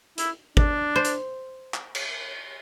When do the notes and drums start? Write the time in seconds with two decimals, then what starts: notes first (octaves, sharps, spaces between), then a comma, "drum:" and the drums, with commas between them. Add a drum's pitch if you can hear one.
0.18 E4, drum: hi-hat
0.57 D4, drum: kick
0.96 C5
1.05 drum: hi-hat
1.74 drum: clap
1.95 drum: cymbal